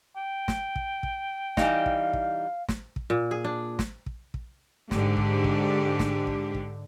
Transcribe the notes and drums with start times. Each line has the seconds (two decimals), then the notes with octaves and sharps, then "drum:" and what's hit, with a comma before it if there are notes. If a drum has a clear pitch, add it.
0.17 G5
0.48 drum: snare
0.76 drum: kick
1.03 drum: kick
1.57 E3 G3 D#4 F5, drum: snare
1.86 drum: kick
2.13 drum: kick
2.69 drum: snare
2.96 drum: kick
3.10 A#2
3.31 G#4
3.44 D4
3.79 drum: snare
4.06 drum: kick
4.34 drum: kick
4.91 G#2 D3 D4 G4, drum: snare
5.17 drum: kick
5.44 drum: kick
5.99 drum: snare
6.27 drum: kick
6.54 drum: kick